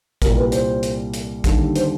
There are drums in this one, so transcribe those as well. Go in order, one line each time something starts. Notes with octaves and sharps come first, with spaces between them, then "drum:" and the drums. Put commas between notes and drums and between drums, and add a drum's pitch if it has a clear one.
C2 A#2 G3 A#4, drum: kick, hi-hat
B4
C5, drum: hi-hat
drum: hi-hat
drum: hi-hat
D#2 D3 G3, drum: kick, hi-hat
C5, drum: hi-hat